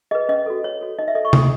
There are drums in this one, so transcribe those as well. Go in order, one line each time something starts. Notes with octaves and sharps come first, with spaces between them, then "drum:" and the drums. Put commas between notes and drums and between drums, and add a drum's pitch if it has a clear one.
G#4 B4 D#5
C#4 D#5
F#4 A4
C#4 C#5
F#4 A4
D#4 D#5
E5
A4 C#5 D#5
C#6
D#4 D#6, drum: tom C3